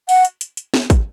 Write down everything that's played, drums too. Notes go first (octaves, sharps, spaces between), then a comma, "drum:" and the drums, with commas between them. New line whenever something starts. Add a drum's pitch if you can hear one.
F#5, drum: open hi-hat
drum: hi-hat
drum: hi-hat
drum: hi-hat
drum: snare
drum: kick, hi-hat